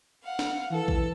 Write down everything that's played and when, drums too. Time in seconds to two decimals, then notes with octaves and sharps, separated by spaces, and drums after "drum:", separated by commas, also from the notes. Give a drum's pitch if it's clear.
0.23 F5 F#5
0.39 drum: snare
0.72 E3 A4
0.88 drum: kick